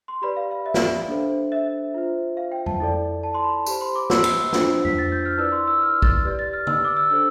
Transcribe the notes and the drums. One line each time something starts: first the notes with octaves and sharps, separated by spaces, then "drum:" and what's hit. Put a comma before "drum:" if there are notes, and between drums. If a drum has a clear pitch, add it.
C6
G4 B4 D5 B5
F5
F5
E5
F5, drum: snare
E5
D4 A4 C5
E5
F4 C5
F5
G5
A5, drum: tom F2
E4 A4 D5
A5
C6
B5
G4 C5 B5, drum: tambourine
C6
D6
E6, drum: snare
drum: cymbal
D4 F4 C5, drum: snare
B6, drum: tom F2
A6
G6
F6
E4 B4 D5 E6
C6
E6
F6
A6, drum: kick
G4 B4 D5
A6
F6
E6, drum: tom D3
D6
E6
D4 A4 C5 E6